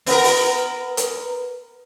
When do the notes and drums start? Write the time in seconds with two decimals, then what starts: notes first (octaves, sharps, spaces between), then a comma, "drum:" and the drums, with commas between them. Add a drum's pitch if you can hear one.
0.06 B3 A#4, drum: open hi-hat
0.24 drum: open hi-hat
0.97 drum: hi-hat